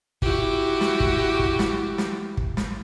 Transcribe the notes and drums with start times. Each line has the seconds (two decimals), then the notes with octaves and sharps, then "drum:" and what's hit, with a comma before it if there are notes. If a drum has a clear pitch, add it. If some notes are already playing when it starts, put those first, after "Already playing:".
0.22 E4 F#4 G4, drum: kick
0.81 drum: snare
1.00 drum: kick
1.39 drum: kick
1.59 drum: snare
1.98 drum: snare
2.37 drum: kick
2.57 drum: snare